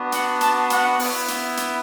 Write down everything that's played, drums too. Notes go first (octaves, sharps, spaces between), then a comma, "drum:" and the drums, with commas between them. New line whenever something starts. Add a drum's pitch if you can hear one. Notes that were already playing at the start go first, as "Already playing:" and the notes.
Already playing: B3 D4 F#4
F#5, drum: hi-hat
A5, drum: hi-hat
F#5, drum: hi-hat
B3 E4, drum: open hi-hat
drum: hi-hat
drum: hi-hat